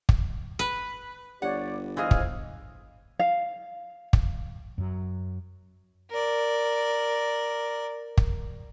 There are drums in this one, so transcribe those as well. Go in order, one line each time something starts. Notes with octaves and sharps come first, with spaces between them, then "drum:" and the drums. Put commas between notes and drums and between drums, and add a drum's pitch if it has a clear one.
drum: kick
B4
G1 G4 C#5 D5 F#5
E3 G#4 C5 D#5 F5 G#5
drum: kick
F5
drum: kick
F#2 F#3
A#4 D5
drum: kick